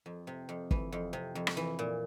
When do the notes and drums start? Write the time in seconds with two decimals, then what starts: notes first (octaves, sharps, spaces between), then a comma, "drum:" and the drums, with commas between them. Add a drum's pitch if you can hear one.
0.06 F2
0.27 C3
0.49 F2
0.71 E3, drum: kick
0.92 F2
1.13 C3
1.35 F2
1.47 drum: rim click
1.57 E3
1.79 A#2